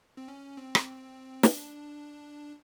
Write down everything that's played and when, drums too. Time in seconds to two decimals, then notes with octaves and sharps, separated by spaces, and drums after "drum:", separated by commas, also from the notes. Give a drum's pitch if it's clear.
0.17 C4
0.28 C#4
0.57 C4
0.75 drum: rim click
1.43 D4, drum: snare